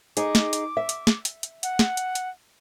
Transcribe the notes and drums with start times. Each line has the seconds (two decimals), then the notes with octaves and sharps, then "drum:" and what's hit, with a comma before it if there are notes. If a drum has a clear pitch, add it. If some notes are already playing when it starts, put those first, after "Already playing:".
0.17 D#4 G#4 D6, drum: hi-hat
0.35 drum: snare
0.53 drum: hi-hat
0.77 E5
0.89 drum: hi-hat
1.07 drum: snare
1.25 drum: hi-hat
1.43 drum: hi-hat
1.63 F#5, drum: hi-hat
1.79 drum: snare
1.97 drum: hi-hat
2.15 drum: hi-hat